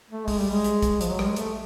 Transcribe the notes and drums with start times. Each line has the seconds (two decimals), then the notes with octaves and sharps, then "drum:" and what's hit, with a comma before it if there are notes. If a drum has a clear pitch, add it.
0.10 A3
0.28 G#3, drum: kick A#1, open hi-hat
0.40 G3
0.50 G#3
0.64 drum: hi-hat
0.82 drum: kick A#1, hi-hat
1.01 F3, drum: hi-hat
1.10 F#3
1.19 G3, drum: rim click
1.27 G#3
1.36 A3, drum: hi-hat